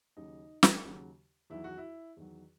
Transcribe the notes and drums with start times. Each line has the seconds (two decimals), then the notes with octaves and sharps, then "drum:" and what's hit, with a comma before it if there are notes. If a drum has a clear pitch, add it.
0.17 D#2 C#3 F#3 D#4
0.63 drum: snare
0.84 D#2 C#3 F#3
1.50 E2 D#3 F#3 E4
1.64 F#4
1.78 E4
2.17 E2 D#3 F#3